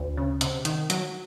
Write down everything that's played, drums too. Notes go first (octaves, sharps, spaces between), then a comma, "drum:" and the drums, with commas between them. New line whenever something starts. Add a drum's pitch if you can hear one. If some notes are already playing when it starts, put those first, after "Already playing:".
Already playing: D2
C#3
C3, drum: hi-hat
D#3, drum: hi-hat
F#3, drum: hi-hat